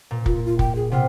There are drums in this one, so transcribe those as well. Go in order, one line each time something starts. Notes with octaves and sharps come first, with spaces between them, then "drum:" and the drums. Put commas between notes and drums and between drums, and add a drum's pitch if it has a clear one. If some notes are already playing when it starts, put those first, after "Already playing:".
A#2
F4, drum: kick
F4
G5, drum: kick
G#4
C3 F4 F#5